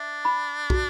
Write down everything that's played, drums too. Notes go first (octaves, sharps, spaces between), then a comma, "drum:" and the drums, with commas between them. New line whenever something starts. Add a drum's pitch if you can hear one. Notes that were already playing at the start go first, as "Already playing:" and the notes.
Already playing: D4 E5
B5
F#4, drum: kick